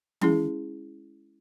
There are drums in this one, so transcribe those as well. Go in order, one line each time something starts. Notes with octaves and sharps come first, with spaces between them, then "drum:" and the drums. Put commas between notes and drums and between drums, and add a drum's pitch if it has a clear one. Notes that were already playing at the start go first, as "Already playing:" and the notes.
G#3 C#4 E4 G#4, drum: tom E3